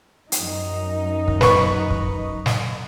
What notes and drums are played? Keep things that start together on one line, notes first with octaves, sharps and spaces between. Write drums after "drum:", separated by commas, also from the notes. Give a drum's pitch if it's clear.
F#2 D#4, drum: hi-hat
drum: kick
B4 C#6, drum: snare
drum: kick
drum: snare